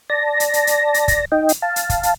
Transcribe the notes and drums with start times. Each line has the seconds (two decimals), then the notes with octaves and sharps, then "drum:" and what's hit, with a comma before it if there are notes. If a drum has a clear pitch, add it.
0.10 D5 A5 A#6
0.40 drum: hi-hat
0.53 drum: hi-hat
0.67 drum: hi-hat
0.94 drum: hi-hat
1.08 drum: kick, hi-hat
1.32 D#4 D#5 G5
1.49 drum: hi-hat
1.62 F5 A5
1.76 drum: hi-hat
1.89 drum: kick, hi-hat
2.03 drum: hi-hat